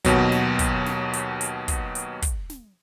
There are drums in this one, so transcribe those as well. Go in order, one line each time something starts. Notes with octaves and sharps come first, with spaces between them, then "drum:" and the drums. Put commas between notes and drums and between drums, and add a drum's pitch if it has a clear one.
D#2 B2 F#3, drum: kick, hi-hat
drum: snare
drum: kick, hi-hat
drum: snare
drum: hi-hat
drum: hi-hat
drum: kick, hi-hat
drum: hi-hat
drum: kick, hi-hat
drum: snare